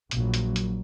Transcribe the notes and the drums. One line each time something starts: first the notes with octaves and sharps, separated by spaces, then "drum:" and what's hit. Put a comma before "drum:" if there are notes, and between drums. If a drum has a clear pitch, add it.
A#1 F#3, drum: hi-hat
drum: hi-hat
drum: hi-hat